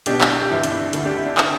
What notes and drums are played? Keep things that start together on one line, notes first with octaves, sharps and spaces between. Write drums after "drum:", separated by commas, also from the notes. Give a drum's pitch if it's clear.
B1 B2 D4 G4, drum: hi-hat
drum: clap
G4
G1 G2 E3 E4
D4, drum: hi-hat
E4
D2 D3 E4, drum: hi-hat
D4 G4
E4
D4
D3 E4, drum: clap